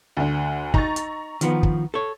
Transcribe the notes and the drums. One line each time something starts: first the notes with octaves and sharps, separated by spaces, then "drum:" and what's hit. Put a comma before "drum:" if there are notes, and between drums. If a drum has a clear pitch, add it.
D2 D3
D#4 A#5 C#6 A6, drum: kick
drum: hi-hat
D#3 F3 B3, drum: hi-hat
drum: kick
A4 C#5